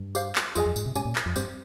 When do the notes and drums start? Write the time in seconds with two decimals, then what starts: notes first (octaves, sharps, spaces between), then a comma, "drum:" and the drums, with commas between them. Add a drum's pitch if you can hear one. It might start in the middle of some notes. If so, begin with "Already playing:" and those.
Already playing: G2
0.15 G4 C5 F5, drum: tambourine
0.35 drum: clap
0.55 F2 F4 G#4 D#5 G#5, drum: tambourine
0.66 F2
0.76 G#2, drum: tambourine
0.86 C3
0.95 G#2 C#4 G4 C#5 G#5, drum: tambourine
1.05 A#2
1.15 drum: clap
1.26 F2
1.36 G2 C4 G4 C5, drum: tambourine